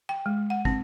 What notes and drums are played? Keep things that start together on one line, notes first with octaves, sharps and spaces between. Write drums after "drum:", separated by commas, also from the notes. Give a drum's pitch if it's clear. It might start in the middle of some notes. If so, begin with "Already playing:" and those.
G5
G#3
F#5
C4, drum: kick